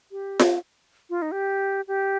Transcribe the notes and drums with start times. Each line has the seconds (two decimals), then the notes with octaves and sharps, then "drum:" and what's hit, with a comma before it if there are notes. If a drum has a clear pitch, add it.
0.11 G4
0.39 drum: snare F4
1.10 F4
1.22 D#4
1.32 G4
1.88 G4